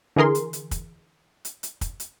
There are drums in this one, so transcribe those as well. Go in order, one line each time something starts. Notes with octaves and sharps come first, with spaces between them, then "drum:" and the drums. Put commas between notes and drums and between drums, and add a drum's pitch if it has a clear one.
D3 E3 G#4 A#4 C6
drum: hi-hat
drum: hi-hat
drum: kick, hi-hat
drum: hi-hat
drum: hi-hat
drum: kick, hi-hat
drum: hi-hat